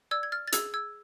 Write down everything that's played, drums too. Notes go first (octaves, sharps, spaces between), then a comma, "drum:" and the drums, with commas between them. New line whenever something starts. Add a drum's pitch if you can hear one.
D5 E6 G#6
G#6
F6 A6
A6
G#4 E6 G#6, drum: hi-hat
E6 G#6